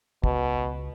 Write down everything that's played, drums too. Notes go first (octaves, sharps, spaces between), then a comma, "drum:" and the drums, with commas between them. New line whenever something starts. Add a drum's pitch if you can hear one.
C#2 B2, drum: kick